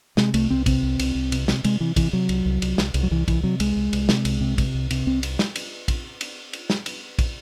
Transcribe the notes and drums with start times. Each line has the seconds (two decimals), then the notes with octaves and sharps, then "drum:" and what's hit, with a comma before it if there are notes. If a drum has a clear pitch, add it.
0.17 C3 G#3, drum: snare
0.34 C2 A3, drum: cymbal
0.50 C2 C4
0.66 C3 C4, drum: kick, cymbal
0.83 C2
0.99 C2, drum: cymbal
1.15 C2
1.32 C3, drum: cymbal
1.48 C3, drum: snare
1.64 C3 G#3, drum: cymbal
1.81 C3 E3
1.96 C3 E3, drum: kick, cymbal
2.13 C3 F#3
2.29 C2, drum: cymbal
2.45 C2
2.62 C2, drum: cymbal
2.78 C2, drum: snare
2.94 C2, drum: cymbal
3.03 F#3
3.11 C2 E3
3.28 C2 E3, drum: kick, cymbal
3.43 C3 F#3
3.60 C2 G#3, drum: cymbal
3.76 C2
3.93 C2, drum: cymbal
4.09 C3, drum: snare
4.25 C2, drum: cymbal
4.41 C3
4.58 C3, drum: kick, cymbal
4.74 C2
4.91 C3, drum: cymbal
5.06 C2 C4
5.23 drum: cymbal
5.39 drum: snare
5.56 drum: cymbal
5.88 drum: kick, cymbal
6.21 drum: cymbal
6.53 drum: cymbal
6.70 drum: snare
6.86 drum: cymbal
7.19 drum: kick, cymbal